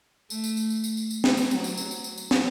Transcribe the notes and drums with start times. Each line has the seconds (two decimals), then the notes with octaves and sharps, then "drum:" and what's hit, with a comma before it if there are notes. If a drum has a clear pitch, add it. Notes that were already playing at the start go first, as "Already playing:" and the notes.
0.30 A3, drum: tambourine
0.44 drum: tambourine
0.57 drum: tambourine
0.70 drum: tambourine
0.84 drum: tambourine
0.97 drum: tambourine
1.11 drum: tambourine
1.24 drum: snare
1.37 drum: tambourine
1.51 F#3, drum: tambourine
1.64 drum: tambourine
1.77 drum: tambourine
1.91 drum: tambourine
2.04 drum: tambourine
2.18 drum: tambourine
2.31 drum: snare